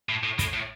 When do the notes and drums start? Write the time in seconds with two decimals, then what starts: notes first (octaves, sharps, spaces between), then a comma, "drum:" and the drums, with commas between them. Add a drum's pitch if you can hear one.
0.09 A2
0.24 A2
0.39 A2, drum: kick, hi-hat
0.54 A2